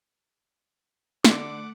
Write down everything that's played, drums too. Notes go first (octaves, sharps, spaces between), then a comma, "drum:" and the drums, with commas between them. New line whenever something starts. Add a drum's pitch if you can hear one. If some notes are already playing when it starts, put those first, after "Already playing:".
D3 A3 F#5 D6, drum: snare